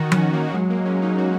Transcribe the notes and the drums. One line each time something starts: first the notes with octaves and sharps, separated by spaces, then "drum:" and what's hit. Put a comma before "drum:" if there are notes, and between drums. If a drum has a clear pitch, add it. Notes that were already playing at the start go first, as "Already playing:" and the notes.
Already playing: D#3 D#4 F#4
C#4, drum: tom F3
A#3
F#3 G#3
A#3
C#4
D#4
F#4